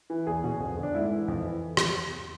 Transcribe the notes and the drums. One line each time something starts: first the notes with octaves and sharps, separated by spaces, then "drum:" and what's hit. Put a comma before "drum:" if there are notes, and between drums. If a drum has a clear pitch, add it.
E3
E2 G#4
B2
F2
D3
D4
G#2 E4
E3
F2
E3
drum: rim click